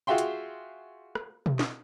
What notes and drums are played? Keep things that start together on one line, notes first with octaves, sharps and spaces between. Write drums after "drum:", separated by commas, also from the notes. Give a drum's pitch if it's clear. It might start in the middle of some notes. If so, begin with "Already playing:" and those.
F4 F#4 G#4 E5 G5 C6
drum: hi-hat
drum: rim click
drum: tom B2
drum: snare